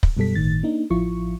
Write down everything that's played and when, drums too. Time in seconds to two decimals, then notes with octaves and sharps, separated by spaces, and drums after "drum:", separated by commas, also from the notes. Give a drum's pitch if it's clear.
0.03 drum: kick
0.17 F#2 B2 G3 A4 B6
0.35 G1 A2 D#3 A6
0.63 A#3 D4 D#4
0.90 A1 F3 E4 F4 C#6